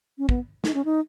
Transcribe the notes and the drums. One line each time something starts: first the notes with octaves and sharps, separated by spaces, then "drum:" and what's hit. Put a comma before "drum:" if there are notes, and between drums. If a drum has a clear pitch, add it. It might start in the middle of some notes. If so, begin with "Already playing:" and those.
C#4
B3, drum: kick
D#4, drum: snare
C#4
D#4